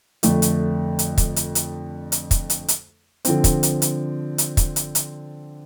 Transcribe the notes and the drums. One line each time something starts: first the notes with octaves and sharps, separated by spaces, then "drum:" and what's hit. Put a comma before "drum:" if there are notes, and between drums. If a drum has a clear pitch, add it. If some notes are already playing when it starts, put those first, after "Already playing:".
F2 D3 A3 D4, drum: hi-hat
drum: hi-hat
drum: hi-hat
drum: kick, hi-hat
drum: hi-hat
drum: hi-hat
drum: hi-hat
drum: kick, hi-hat
drum: hi-hat
drum: hi-hat
D3 F3 C4, drum: hi-hat
drum: kick, hi-hat
drum: hi-hat
drum: hi-hat
drum: hi-hat
drum: kick, hi-hat
drum: hi-hat
drum: hi-hat